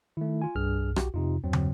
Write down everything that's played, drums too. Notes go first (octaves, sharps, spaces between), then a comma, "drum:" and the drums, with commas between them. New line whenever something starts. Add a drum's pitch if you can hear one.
D#3 A3 E4
F4 G#5
C2 G2 G#4 F6
B1 F#4 G4, drum: rim click
F2 C3 D#4 F4
E2 G2 F#3 C4
drum: tom